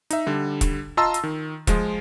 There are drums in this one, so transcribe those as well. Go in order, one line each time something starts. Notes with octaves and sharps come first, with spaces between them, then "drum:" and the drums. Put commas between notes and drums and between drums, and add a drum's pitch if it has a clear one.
D#4 E5, drum: hi-hat
D3 G3
drum: kick E1, hi-hat
F4 D#5 A5 A#5 C6 E6
drum: hi-hat
D#3
F3 G#3 F4, drum: kick E1, hi-hat